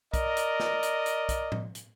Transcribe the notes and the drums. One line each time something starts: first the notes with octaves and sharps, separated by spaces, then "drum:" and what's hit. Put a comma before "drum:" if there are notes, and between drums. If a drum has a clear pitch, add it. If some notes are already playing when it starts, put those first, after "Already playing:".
A#4 D5 D#5, drum: kick B1, hi-hat
drum: hi-hat
drum: snare
drum: hi-hat
drum: hi-hat
drum: kick B1, hi-hat
drum: tom A2
drum: hi-hat